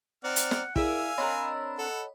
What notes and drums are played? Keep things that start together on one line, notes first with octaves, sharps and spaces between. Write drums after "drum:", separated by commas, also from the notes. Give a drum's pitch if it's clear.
C4 D#4 D5 F#5 F6
drum: hi-hat
drum: snare
E4 G#4 A#4 D5 E5 F5 G#5 E6, drum: kick
C4 D4 A#4 C#5 D#5 B5
A4 F#5